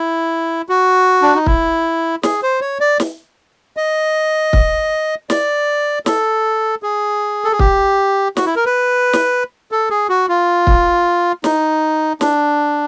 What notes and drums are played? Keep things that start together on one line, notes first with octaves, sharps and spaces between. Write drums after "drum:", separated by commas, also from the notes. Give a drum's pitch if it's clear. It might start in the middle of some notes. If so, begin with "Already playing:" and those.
Already playing: E4
F#4
D4
D#4
E4, drum: kick
G#4, drum: snare
C5
C#5
D5
drum: snare
D#5
drum: kick
D5, drum: snare
A4, drum: snare
G#4
A4
G#4
G4, drum: kick
F#4, drum: snare
E4
A#4
B4
drum: snare
A4
G#4
F#4
F4
drum: kick
D#4, drum: snare
D4, drum: snare